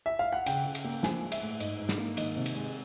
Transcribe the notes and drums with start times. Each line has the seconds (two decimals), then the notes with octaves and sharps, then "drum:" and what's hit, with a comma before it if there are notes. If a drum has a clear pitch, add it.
0.06 E5
0.19 F5
0.33 F#5
0.46 C#3 G5, drum: cymbal
0.66 C#3
0.75 drum: cymbal
0.84 A#3
1.03 F3 G#5, drum: snare
1.22 G#3
1.32 E5, drum: cymbal
1.41 A2
1.60 G#2 D#5, drum: cymbal
1.80 G#2
1.89 drum: snare
1.98 A#3
2.17 D#3 D#5, drum: cymbal
2.36 C3
2.46 drum: cymbal
2.55 G#3